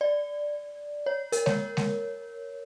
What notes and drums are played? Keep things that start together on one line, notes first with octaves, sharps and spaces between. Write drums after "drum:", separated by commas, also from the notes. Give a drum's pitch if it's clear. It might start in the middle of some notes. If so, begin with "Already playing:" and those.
D5
C#5
A#4, drum: hi-hat
C#5, drum: snare G#3
drum: snare G#3